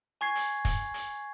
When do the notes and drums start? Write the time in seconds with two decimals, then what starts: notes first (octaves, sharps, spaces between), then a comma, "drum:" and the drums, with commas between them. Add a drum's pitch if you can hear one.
0.21 G#5 C#6 G#6 C7
0.35 drum: hi-hat
0.65 drum: kick, hi-hat
0.94 drum: hi-hat